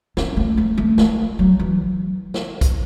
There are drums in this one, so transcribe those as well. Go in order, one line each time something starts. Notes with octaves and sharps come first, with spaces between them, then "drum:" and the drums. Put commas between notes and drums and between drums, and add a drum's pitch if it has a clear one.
C#4, drum: snare
A3
A3
A3
A3, drum: snare
F#3
E3
drum: snare
drum: kick, hi-hat